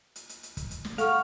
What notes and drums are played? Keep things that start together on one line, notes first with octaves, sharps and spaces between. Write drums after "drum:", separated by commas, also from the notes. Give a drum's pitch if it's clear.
drum: hi-hat
drum: hi-hat
drum: hi-hat
drum: kick, hi-hat
drum: hi-hat
drum: snare
A4 F5 F#5 C#6 F6, drum: hi-hat